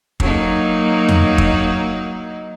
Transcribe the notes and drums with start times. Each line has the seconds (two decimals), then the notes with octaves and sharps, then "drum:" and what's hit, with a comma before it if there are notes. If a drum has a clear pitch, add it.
0.20 F#3 A#3 D#4, drum: kick
1.09 drum: tom E2
1.38 drum: kick